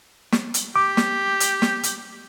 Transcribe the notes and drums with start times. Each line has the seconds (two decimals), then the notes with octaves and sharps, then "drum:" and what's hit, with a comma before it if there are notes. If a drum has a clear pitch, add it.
0.32 drum: snare
0.54 drum: hi-hat
0.76 G4 D6
0.97 drum: snare
1.40 drum: hi-hat
1.62 drum: snare
1.83 drum: hi-hat